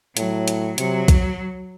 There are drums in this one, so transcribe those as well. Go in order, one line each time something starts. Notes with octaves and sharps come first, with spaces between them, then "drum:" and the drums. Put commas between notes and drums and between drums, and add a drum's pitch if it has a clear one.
A2 F#3, drum: hi-hat
drum: hi-hat
C3 F#3, drum: hi-hat
drum: kick, hi-hat